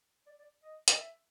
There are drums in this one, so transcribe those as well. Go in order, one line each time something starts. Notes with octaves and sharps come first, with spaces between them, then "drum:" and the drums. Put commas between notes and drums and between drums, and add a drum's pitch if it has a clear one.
D5
D5
D#5
D#5, drum: hi-hat
E5